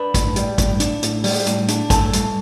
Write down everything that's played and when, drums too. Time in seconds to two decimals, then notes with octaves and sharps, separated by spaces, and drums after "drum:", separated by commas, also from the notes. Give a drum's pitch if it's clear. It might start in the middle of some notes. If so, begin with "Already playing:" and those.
Already playing: D4 B4 B5
0.14 A2, drum: kick, hi-hat
0.36 G3, drum: hi-hat
0.58 A2, drum: kick, hi-hat
0.80 D4, drum: hi-hat
1.03 A2, drum: hi-hat
1.24 G3, drum: open hi-hat
1.46 A2, drum: hi-hat
1.68 D4, drum: hi-hat
1.90 A2 A4 A5, drum: kick, hi-hat
2.13 G3, drum: hi-hat